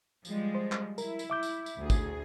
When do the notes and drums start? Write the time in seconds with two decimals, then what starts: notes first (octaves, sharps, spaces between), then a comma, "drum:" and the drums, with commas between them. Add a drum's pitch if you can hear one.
0.25 F3 G3 G#3, drum: tambourine
0.55 C5
0.72 drum: clap
0.98 E4 A#4, drum: tambourine
1.19 drum: tambourine
1.30 E5 D6 G6
1.43 drum: tambourine
1.66 drum: tambourine
1.77 D2 G#4
1.90 drum: kick, tambourine